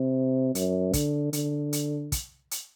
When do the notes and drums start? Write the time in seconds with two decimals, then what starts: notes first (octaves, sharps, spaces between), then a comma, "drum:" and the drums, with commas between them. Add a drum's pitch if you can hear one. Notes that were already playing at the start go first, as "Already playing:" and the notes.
Already playing: C3
0.55 F#2, drum: hi-hat
0.93 D3, drum: kick, hi-hat
1.33 D3, drum: hi-hat
1.73 drum: hi-hat
2.12 drum: kick, hi-hat
2.51 drum: hi-hat